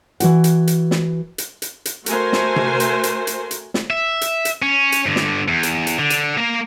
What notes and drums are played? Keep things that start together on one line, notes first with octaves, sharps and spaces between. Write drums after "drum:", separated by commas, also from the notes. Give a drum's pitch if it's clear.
E3 F#4 F#5, drum: hi-hat
drum: hi-hat
drum: hi-hat
drum: snare
drum: hi-hat
drum: hi-hat
drum: hi-hat
A3 F#4 A#4 C5 G#5, drum: hi-hat
drum: snare
drum: tom C3
drum: hi-hat
drum: hi-hat
drum: hi-hat
drum: hi-hat
drum: snare
E5
drum: hi-hat
drum: hi-hat
C#4
drum: hi-hat
G2 D3
drum: snare
E2
drum: hi-hat
drum: hi-hat
D3
drum: hi-hat
A#3 A#4